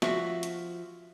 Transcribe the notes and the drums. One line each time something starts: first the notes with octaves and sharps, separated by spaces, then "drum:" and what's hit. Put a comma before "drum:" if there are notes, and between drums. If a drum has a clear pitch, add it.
F3 F#4 E5, drum: snare
drum: hi-hat